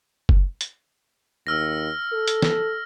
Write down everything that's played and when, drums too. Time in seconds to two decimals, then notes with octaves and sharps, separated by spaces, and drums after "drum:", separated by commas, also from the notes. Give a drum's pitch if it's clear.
0.29 drum: kick F#1
0.61 drum: hi-hat
1.47 D#2 E6 F6 A#6
2.12 A4
2.28 drum: hi-hat
2.42 drum: snare